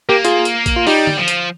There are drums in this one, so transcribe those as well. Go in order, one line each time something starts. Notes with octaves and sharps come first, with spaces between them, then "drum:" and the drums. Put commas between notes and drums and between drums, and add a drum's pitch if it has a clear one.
A#3 G4 A#4
F4 G#4, drum: hi-hat
drum: hi-hat
drum: kick A#1, hi-hat
F4
G3 D#4 G4, drum: open hi-hat
drum: tom D3
F3
drum: hi-hat